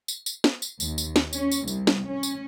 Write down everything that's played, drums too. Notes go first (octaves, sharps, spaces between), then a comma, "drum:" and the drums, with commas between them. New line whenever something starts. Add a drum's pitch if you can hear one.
drum: tambourine
drum: tambourine
drum: snare
drum: tambourine
D#2, drum: tambourine
drum: tambourine
drum: snare
C#4, drum: tambourine
drum: tambourine
C2, drum: tambourine
drum: snare
C#4
drum: tambourine